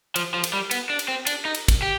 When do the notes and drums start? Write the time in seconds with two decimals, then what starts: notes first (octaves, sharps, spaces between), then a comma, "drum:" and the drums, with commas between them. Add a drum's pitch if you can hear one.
0.16 F3, drum: cymbal
0.34 F3
0.44 drum: cymbal
0.53 G3
0.71 B3, drum: cymbal
0.90 D4
0.99 drum: cymbal
1.08 C4
1.27 D4, drum: cymbal
1.45 D#4
1.55 drum: cymbal
1.68 drum: kick, cymbal
1.82 G4